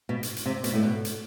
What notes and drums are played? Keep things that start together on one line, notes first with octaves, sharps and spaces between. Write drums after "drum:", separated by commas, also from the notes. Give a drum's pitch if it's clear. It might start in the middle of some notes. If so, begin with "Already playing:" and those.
B2
drum: hi-hat
drum: hi-hat
C3
B2, drum: hi-hat
A2
B2
drum: hi-hat